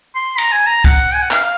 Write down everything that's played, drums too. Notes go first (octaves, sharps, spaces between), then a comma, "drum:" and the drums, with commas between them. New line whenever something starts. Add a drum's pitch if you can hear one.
C6
A#5, drum: cymbal
G#5
A#5
F#5, drum: kick, cymbal
G#5
F#5
F5, drum: clap